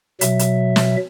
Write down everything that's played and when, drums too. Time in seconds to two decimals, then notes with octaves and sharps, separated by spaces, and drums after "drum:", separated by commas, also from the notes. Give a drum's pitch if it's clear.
0.21 B2 F#3 E5, drum: hi-hat
0.39 drum: hi-hat
0.76 drum: snare